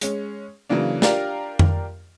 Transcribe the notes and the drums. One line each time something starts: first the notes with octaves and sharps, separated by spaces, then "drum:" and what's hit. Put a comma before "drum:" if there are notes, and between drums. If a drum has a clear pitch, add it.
G#3 C#4, drum: hi-hat
C#3 E3 F#3 A#3 D4
D4 F4 G4 A#4 D5 F5, drum: snare
drum: tom F2